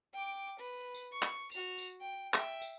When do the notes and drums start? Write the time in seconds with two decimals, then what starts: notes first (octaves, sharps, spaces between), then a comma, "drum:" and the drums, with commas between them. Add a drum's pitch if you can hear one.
0.14 G5 D6
0.59 B4
0.94 drum: tambourine
1.13 C#6
1.22 drum: clap
1.51 F#4 F7, drum: tambourine
1.78 drum: tambourine
2.00 G5
2.34 E5 G5, drum: clap
2.62 drum: tambourine